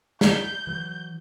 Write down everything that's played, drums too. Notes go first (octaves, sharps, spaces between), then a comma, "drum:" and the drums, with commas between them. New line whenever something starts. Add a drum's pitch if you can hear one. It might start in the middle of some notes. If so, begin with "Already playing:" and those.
G6, drum: snare
E3 F#3